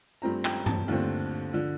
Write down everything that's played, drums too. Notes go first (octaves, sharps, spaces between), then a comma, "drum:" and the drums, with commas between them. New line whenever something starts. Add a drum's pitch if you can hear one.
G2 F3 A3 C4 A#5
G5, drum: clap
A5, drum: tom G2
D#2 D3 F3 A3 C4
D3 F3